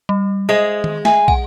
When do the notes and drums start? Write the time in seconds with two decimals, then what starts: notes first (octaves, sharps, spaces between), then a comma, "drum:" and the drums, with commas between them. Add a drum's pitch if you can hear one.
0.09 G3
0.49 G#3 C5 E5 D#6
0.84 drum: tom D#3
1.05 E5 G#5, drum: snare A3
1.28 F#5, drum: kick